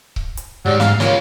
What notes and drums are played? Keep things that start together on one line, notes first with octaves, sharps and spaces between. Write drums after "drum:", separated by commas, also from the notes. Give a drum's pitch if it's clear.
drum: kick C#1
drum: hi-hat
G#2 F#3 G3
F5, drum: snare
G#3 A#3 F4 C#5, drum: snare